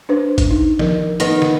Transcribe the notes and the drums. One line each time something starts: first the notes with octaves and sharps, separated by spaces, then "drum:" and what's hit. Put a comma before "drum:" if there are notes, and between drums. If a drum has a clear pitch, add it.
D4 B4 C5
drum: kick, hi-hat
D#4
F3 A#4, drum: snare
D#3 B3, drum: hi-hat
drum: snare